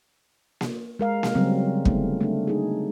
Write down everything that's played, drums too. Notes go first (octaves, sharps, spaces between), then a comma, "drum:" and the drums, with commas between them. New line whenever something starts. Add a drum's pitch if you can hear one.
drum: snare A#3
G#3 A#4 F5
drum: snare A#3
C#3 F#3 G3 C4
D3 A3 B3 D#4, drum: kick
A3 D4
D#4 G#4